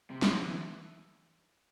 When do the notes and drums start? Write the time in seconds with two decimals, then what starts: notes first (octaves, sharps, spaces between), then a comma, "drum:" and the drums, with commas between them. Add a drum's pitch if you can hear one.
0.10 C3
0.22 C3, drum: snare
0.34 D3
0.46 E3